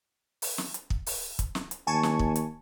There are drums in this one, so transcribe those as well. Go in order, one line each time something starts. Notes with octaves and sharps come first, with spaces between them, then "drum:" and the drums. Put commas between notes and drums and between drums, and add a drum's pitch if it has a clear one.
drum: open hi-hat
drum: snare
drum: hi-hat
drum: kick
drum: open hi-hat
drum: kick, hi-hat
drum: snare
drum: hi-hat
D#2 G#5 A5 C#6
drum: snare
drum: kick
drum: hi-hat